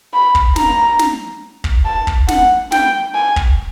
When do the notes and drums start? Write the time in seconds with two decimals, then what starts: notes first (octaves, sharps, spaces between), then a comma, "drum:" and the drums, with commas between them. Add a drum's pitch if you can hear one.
0.13 B5
0.35 drum: kick
0.56 A#5, drum: snare
0.99 drum: snare
1.64 drum: kick
1.85 A5
2.07 drum: kick
2.28 F#5, drum: snare
2.72 G5, drum: snare
3.15 G#5
3.36 drum: kick